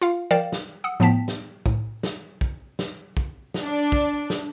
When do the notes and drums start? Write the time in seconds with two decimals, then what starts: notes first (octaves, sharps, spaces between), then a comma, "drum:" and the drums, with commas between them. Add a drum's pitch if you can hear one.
0.02 F4 F5
0.31 F3 A#4 D5 F5 G5 E7
0.52 drum: snare
0.84 F#5 D#6 E6
1.00 A2 F3 B3 G5 A5 B6
1.28 drum: snare
1.66 A2, drum: kick
2.03 drum: snare
2.41 drum: kick
2.79 drum: snare
3.17 drum: kick
3.54 drum: snare
3.63 D4
3.92 drum: kick
4.30 drum: snare